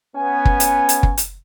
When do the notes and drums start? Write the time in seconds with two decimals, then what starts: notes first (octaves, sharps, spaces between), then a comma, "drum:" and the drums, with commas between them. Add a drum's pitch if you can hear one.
0.17 B3 C#4 G#5
0.45 drum: kick
0.60 drum: hi-hat
0.89 drum: hi-hat
1.03 drum: kick
1.17 drum: hi-hat